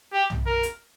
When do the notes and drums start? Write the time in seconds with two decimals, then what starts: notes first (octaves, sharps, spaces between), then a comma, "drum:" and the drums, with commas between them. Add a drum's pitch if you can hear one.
0.13 G4
0.30 drum: tom B1
0.46 A#4
0.63 drum: hi-hat